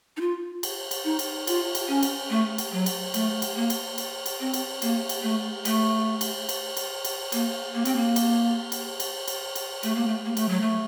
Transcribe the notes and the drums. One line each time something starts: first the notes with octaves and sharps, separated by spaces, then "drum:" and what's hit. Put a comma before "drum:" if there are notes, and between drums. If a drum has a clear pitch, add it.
D#4
F4
drum: cymbal
drum: cymbal
D#4
drum: cymbal
F4, drum: cymbal
drum: cymbal
C#4
drum: cymbal
A3
drum: cymbal
F#3
drum: cymbal
A3, drum: cymbal
drum: cymbal
A#3
drum: cymbal
drum: cymbal
drum: cymbal
C4
drum: cymbal
A#3, drum: cymbal
drum: cymbal
A3
A3, drum: cymbal
drum: cymbal
drum: cymbal
drum: cymbal
drum: cymbal
A#3, drum: cymbal
A#3
C4, drum: cymbal
A#3
drum: cymbal
drum: cymbal
drum: cymbal
drum: cymbal
drum: cymbal
A3, drum: cymbal
A#3
A3
A#3
A3, drum: cymbal
F#3
A3